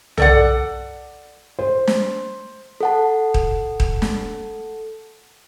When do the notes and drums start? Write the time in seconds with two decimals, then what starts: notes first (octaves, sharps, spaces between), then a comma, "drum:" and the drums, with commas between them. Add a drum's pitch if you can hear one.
0.17 A4 D5 F#5, drum: tom
1.59 C5
1.87 drum: snare
2.81 A4 F#5 A5
3.34 drum: kick D#1
3.80 drum: kick D#1
4.02 drum: snare